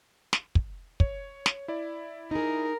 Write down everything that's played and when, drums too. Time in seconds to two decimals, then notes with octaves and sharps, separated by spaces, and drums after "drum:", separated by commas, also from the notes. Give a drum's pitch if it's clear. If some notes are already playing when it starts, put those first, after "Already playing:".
0.33 drum: snare
0.55 drum: kick
1.00 C#5, drum: kick
1.46 drum: snare
1.68 E4 D5
2.31 D#4 G#4 A#4